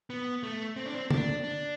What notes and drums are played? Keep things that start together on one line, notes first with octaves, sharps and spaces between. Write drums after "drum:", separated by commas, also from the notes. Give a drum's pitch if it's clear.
B3
A3
C4
D4
C4
D4, drum: tom
D4